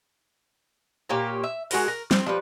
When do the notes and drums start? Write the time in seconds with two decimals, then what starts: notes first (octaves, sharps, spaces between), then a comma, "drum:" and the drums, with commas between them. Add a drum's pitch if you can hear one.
1.09 A#2 A#3 G4 C#5
1.44 E5
1.71 G#3 F#4 A#4 F#5, drum: open hi-hat
1.88 A#4
2.11 C4, drum: snare G3
2.26 F3 G3 B4